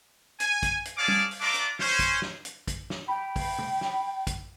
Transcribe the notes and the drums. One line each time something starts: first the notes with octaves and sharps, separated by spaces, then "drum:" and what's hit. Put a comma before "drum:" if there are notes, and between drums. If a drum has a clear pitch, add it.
G#5, drum: hi-hat
drum: kick, hi-hat
drum: hi-hat
C#4 G#4 D5 F5 A5 D6
drum: tom
drum: open hi-hat
A3 D4 F4 A#5 D6
drum: hi-hat
C#4 C5, drum: snare
drum: kick, hi-hat
drum: snare
drum: hi-hat
drum: kick, hi-hat
drum: snare
G5 B5
drum: kick, open hi-hat
drum: tom
drum: snare
drum: kick, hi-hat